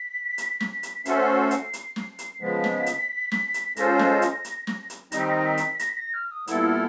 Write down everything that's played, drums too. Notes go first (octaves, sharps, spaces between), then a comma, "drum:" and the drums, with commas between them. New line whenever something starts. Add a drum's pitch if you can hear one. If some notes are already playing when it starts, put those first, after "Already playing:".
Already playing: B6
drum: hi-hat
drum: snare
drum: hi-hat
A3 C#4 F#4 A4 C5 C7, drum: hi-hat
B6
C7
drum: hi-hat
drum: hi-hat
drum: snare
drum: hi-hat
C#3 F3 G#3 B3 B6
drum: snare
drum: hi-hat
drum: snare
drum: hi-hat
G#3 C#4 F4 A4 C5 A#6, drum: hi-hat
drum: snare
drum: hi-hat
drum: hi-hat
drum: snare
drum: hi-hat
D#3 G3 C4 D#4 A#6, drum: hi-hat
B6
A#6
B6
drum: hi-hat
B6
A#6, drum: hi-hat
B6
A#6
F6
D#6
A#2 G3 B3 E4 A4 E6, drum: hi-hat
F6